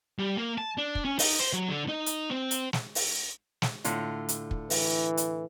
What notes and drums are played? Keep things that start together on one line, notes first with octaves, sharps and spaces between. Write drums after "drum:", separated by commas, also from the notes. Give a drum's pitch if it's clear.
G3
A#3
A5
D4
drum: kick
C#4
D#4, drum: open hi-hat
C5
F#3
D3
D#4
drum: hi-hat
C4
drum: hi-hat
drum: snare
drum: open hi-hat
drum: snare
A2 D3 F4, drum: hi-hat
drum: hi-hat
drum: kick
E3, drum: open hi-hat
drum: hi-hat